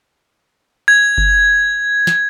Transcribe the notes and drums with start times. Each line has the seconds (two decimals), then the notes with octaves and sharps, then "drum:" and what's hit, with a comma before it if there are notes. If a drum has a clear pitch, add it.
0.88 G#6
1.18 drum: kick F#1
2.07 drum: snare